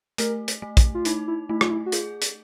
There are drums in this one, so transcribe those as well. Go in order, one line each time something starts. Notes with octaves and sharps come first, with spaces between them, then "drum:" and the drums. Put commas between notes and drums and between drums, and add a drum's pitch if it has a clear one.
A3 A#4, drum: hi-hat
drum: hi-hat
A3
drum: kick, hi-hat
F4
D#4 E4, drum: hi-hat
E4
A3 E4
F4, drum: rim click
E4
F#4
F4 G#4, drum: hi-hat
drum: hi-hat